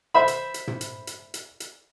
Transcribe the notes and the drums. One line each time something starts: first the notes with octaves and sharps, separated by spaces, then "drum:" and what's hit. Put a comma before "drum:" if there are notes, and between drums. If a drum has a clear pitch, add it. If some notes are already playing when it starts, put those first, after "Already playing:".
C5 E5 B5
drum: hi-hat
drum: hi-hat
drum: tom
drum: hi-hat
drum: hi-hat
drum: hi-hat
drum: hi-hat